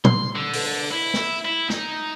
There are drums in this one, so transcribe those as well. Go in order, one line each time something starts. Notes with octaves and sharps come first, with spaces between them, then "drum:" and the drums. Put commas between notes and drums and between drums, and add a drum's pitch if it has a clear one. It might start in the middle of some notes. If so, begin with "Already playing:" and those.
C6, drum: tom
D3
drum: open hi-hat
E4
drum: snare
E4
D#4, drum: snare